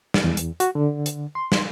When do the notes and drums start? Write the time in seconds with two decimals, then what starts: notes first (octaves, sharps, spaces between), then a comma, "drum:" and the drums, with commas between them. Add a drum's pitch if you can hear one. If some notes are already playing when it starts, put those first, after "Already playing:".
0.14 drum: snare
0.24 E2
0.37 drum: hi-hat
0.60 F#4, drum: hi-hat
0.75 D3
1.06 drum: hi-hat
1.35 C6
1.52 drum: snare